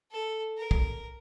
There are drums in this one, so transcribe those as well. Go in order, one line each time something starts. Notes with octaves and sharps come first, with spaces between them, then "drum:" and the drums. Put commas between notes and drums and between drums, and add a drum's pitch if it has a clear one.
A4
A#4
drum: kick